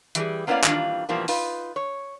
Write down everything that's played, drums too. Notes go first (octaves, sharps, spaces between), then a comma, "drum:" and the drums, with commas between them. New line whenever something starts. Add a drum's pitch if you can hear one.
E3 G3 G4 G#4, drum: hi-hat
A#3 B3 C#4 E4 D5 F5
D#3 E3 G3 A#3 D4 F4, drum: clap
B2 E3 F3 G3 A#3
D#4 F4 B4, drum: open hi-hat
C#5